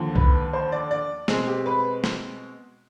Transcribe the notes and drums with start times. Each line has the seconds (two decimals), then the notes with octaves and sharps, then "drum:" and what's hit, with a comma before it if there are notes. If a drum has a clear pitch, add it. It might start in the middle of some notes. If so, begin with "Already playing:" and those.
Already playing: D#2 D3 F3
0.16 B4, drum: kick C2
0.53 C5
0.72 D5
0.91 D5
1.28 B2 G#3 C4 G#4, drum: snare
1.47 G4
1.66 B4
2.04 drum: snare